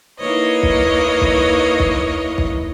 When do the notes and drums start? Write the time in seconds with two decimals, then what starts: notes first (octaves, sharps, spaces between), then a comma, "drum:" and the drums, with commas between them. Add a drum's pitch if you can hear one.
0.19 A#3 D#4 E4 B4 C#5 D#5
0.63 drum: kick
1.21 drum: kick
1.80 drum: kick
2.38 drum: kick